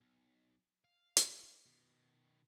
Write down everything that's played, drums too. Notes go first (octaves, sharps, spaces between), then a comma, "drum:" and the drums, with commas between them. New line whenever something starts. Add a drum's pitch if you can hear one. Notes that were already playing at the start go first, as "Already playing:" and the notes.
B1
F5
drum: hi-hat
B2 D#3